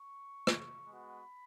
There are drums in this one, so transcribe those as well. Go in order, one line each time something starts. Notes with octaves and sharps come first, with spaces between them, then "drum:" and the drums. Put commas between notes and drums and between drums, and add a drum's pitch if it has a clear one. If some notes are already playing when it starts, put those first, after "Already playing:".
Already playing: C#6
drum: rim click
G#3 B3 F#4 B5